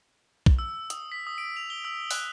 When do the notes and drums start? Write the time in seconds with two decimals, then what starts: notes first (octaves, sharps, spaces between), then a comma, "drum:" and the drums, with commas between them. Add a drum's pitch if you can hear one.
0.46 drum: kick
0.59 E6
0.90 D#6, drum: hi-hat
1.12 B6
1.27 D#6
1.38 D7
1.56 F7
1.70 G7
1.85 E6
2.11 F#6, drum: open hi-hat